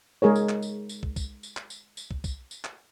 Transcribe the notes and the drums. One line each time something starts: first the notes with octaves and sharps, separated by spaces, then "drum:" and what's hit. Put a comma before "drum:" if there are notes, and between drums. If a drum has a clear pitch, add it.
G#3 G#4 A#4 C#5
drum: tambourine
drum: clap
drum: tambourine
drum: tambourine
drum: kick
drum: kick, tambourine
drum: tambourine
drum: clap
drum: tambourine
drum: tambourine
drum: kick
drum: kick, tambourine
drum: tambourine
drum: clap